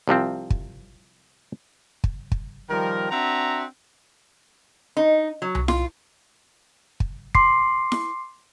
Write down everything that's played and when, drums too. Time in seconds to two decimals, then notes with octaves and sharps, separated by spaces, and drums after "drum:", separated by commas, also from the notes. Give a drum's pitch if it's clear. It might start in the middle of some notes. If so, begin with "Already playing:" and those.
0.08 C2 C3 F3 C4
0.50 drum: kick
2.04 drum: kick
2.32 drum: kick
2.69 D#3 F3 G3 A#4
3.11 C4 D4 F#4 E5 F#5 A#5
4.97 D#4
5.42 F#3
5.55 drum: tom C2
5.68 F4, drum: snare E4
7.00 drum: kick
7.35 C6 D6 C7, drum: kick
7.92 drum: snare E4